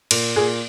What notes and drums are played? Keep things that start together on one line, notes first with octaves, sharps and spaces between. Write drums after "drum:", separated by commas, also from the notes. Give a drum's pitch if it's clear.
A#2, drum: cymbal
A#2 G#4